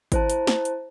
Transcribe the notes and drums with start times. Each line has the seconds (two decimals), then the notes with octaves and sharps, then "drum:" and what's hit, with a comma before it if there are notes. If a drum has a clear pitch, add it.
0.12 E4 C5 A5, drum: kick G#1, hi-hat
0.30 drum: hi-hat
0.47 drum: snare
0.65 drum: hi-hat